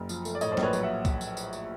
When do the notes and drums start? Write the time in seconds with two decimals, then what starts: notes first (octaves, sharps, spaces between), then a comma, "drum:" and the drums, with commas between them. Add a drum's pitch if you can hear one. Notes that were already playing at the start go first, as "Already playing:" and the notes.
Already playing: F#1
0.09 F3, drum: tambourine
0.25 A3, drum: tambourine
0.35 D5
0.41 A2 C#5 D#5, drum: tambourine
0.52 C5 D5
0.57 A#1, drum: snare
0.63 B4 C#5
0.73 F#3 B4 C#5, drum: tambourine
0.83 E5 F#5
1.05 drum: kick C2, tambourine
1.21 drum: tambourine
1.37 drum: tambourine
1.53 drum: tambourine